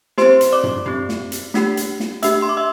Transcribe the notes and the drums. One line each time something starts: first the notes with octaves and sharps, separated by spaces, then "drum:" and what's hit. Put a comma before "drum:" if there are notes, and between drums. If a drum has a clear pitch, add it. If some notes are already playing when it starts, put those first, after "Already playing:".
C4 G4 C5 C6, drum: snare
drum: hi-hat
D5 D6
drum: tom
C4 G4, drum: tom
drum: snare
drum: hi-hat
A3 D4 G4, drum: snare
drum: hi-hat
drum: snare
A3 D4 G4 E5 E6, drum: hi-hat
C6
D6
E5 E6